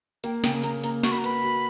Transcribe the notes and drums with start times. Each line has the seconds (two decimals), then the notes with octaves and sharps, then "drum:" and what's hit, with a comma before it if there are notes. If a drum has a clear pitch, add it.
0.24 A#3 G5, drum: hi-hat
0.44 C#3 G5, drum: snare
0.63 A#3 A#5, drum: hi-hat
0.84 A#3 A#5, drum: hi-hat
1.03 F#4 C#6, drum: snare
1.12 B5
1.18 A#5
1.24 B4 B5, drum: hi-hat
1.44 F#4